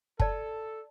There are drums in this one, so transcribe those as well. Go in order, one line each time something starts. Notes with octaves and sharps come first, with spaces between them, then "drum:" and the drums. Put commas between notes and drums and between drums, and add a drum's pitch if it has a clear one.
A4 D5 A5, drum: kick